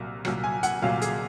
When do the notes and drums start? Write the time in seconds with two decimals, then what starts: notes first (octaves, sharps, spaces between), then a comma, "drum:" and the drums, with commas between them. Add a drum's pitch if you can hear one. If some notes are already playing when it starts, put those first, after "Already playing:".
Already playing: C2 A#2 F#3
0.25 C2 A#2 F#3, drum: rim click
0.44 G#5
0.63 F#5, drum: hi-hat
0.82 C2 A#2 F#3 F5
1.02 G#4, drum: hi-hat